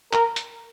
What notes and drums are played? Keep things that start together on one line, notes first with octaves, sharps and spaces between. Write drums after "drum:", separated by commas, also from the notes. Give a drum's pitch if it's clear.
A#4, drum: clap
drum: hi-hat